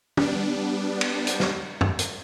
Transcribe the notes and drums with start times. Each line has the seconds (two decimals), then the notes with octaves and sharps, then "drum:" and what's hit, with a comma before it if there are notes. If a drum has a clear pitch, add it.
0.17 G3 B3 D4, drum: tom
1.01 drum: cymbal
1.27 drum: hi-hat
1.40 drum: snare
1.81 drum: tom
1.99 drum: hi-hat